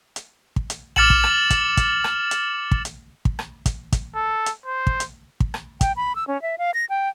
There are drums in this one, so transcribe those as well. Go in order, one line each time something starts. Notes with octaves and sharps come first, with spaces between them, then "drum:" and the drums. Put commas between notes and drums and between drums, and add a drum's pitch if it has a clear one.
drum: hi-hat
drum: kick
drum: hi-hat
D6 F6 A6 C#7 E7 F#7, drum: tom A#1
drum: kick
drum: rim click
drum: kick, hi-hat
drum: kick, hi-hat
drum: rim click
drum: hi-hat
drum: kick
drum: hi-hat
drum: kick
drum: rim click
drum: kick, hi-hat
drum: kick, hi-hat
A4
drum: hi-hat
C5
drum: kick
drum: hi-hat
drum: kick
drum: rim click
G5, drum: kick, hi-hat
B5
E6
C#4
E5
F5
A#6
G5